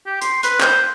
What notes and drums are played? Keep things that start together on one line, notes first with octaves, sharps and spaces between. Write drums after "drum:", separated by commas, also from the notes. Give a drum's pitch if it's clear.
G4
C6, drum: hi-hat
B4, drum: hi-hat
C5, drum: clap